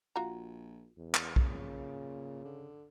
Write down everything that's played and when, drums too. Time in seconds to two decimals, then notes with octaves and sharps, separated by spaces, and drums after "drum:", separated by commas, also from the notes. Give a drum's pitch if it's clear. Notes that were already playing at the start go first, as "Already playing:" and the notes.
0.16 A#1 F4 F#4 A#5
0.97 E2
1.14 drum: clap
1.36 A#2 C#3, drum: kick
2.44 D3